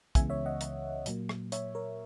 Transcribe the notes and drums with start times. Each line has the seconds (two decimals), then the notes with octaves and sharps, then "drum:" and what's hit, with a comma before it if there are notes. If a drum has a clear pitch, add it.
0.15 C#2 C#3 E3 G#3 B3 E5 G#5, drum: kick, hi-hat
0.30 C#5 E5
0.46 D#5 F#5
0.61 drum: hi-hat
1.06 A#2 F#3 A#3, drum: hi-hat
1.29 drum: rim click
1.52 C#5 E5, drum: hi-hat
1.75 A#4 C#5